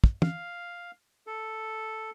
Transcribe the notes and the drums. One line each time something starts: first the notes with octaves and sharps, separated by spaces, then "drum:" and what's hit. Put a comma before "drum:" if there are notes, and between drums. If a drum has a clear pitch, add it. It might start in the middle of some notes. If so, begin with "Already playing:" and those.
drum: kick
F5, drum: tom
A4